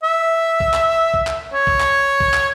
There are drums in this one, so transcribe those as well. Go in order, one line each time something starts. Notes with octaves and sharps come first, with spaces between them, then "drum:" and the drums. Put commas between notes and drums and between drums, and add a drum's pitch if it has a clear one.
E5
drum: kick
drum: clap
drum: kick
drum: clap
C#5
drum: kick
drum: clap
drum: kick
drum: clap